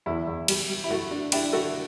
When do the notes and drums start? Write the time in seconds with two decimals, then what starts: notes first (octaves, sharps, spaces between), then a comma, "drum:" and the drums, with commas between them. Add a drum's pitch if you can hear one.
0.06 E2 E4
0.27 E2
0.48 G3, drum: cymbal
0.69 G3
0.84 E4
0.90 A3 F#4
1.11 D4
1.32 D4 E4 G4, drum: cymbal
1.53 A3 F#4 A4